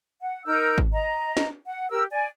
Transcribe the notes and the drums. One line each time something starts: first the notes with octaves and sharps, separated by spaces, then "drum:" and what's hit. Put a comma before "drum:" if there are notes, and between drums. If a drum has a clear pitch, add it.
F#5
D#4 A#4 E6 G6
drum: kick G#1
D#5 A#5
drum: snare
F#5
G4 A#4 E6
D5 G#5